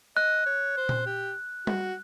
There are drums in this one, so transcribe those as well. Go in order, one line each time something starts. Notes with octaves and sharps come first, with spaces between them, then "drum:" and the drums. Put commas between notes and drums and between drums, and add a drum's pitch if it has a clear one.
D#5 F#6
C#5
C5
drum: tom A#2
G4
F#4, drum: tom G3